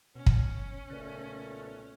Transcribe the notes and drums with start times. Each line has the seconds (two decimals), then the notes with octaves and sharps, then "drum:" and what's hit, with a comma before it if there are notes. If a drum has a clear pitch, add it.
0.15 B2 C#4
0.26 drum: kick
0.90 B1 A#2 C#3 A3 A#4 B4 D5